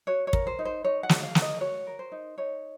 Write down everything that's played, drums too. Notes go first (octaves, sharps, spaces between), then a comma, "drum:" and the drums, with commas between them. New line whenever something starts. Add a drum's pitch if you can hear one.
F#4 C#5
C#5
A#4, drum: kick
C5
D#4
C5
D#4 C#5
F#5
F#4, drum: snare
F5
A#4, drum: snare
D#5
F#4 C#5
A#4
C5
D#4
D#4 C#5